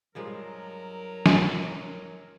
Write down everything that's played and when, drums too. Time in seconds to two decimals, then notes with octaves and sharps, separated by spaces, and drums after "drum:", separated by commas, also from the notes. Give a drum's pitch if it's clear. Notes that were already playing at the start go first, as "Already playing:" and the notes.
0.15 G2 F3 F#3 G#3 A#4
1.26 drum: snare